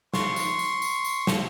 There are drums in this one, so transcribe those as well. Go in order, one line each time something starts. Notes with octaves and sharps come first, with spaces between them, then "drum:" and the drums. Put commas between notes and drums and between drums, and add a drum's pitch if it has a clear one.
C6 C#6, drum: snare
drum: tambourine
drum: tambourine
drum: tambourine
drum: tambourine
drum: snare